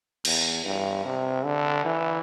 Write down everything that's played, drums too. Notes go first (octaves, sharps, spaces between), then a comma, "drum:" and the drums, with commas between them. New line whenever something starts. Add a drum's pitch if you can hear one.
E2, drum: cymbal
G2
C3
D3
E3